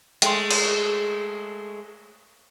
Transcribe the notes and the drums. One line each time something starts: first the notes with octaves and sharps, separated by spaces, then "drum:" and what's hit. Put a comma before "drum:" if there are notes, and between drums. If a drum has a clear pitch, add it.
G#3 A3 G5 C6, drum: hi-hat
drum: cymbal